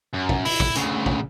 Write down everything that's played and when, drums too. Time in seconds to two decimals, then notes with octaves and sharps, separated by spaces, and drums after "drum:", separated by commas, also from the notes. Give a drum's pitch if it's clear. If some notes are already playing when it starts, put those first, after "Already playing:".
0.13 F#2
0.29 drum: kick A1
0.45 E4, drum: open hi-hat
0.60 drum: kick A1
0.75 D2 C#3, drum: hi-hat
1.06 drum: kick A1